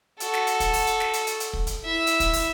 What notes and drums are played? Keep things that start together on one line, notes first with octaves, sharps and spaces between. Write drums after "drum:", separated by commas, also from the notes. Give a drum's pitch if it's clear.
F#4 A4, drum: hi-hat
drum: snare
drum: hi-hat
drum: kick, hi-hat
drum: open hi-hat
drum: hi-hat
drum: snare
drum: hi-hat
drum: hi-hat
drum: hi-hat
drum: kick
drum: hi-hat
E4 E5
drum: hi-hat
drum: kick, hi-hat
drum: open hi-hat